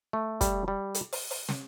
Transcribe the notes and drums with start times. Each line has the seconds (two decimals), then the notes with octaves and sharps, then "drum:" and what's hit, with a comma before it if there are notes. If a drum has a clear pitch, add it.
0.13 A3
0.41 G3, drum: kick, hi-hat
0.68 G3
0.94 drum: hi-hat
1.13 drum: open hi-hat
1.31 drum: open hi-hat
1.49 drum: snare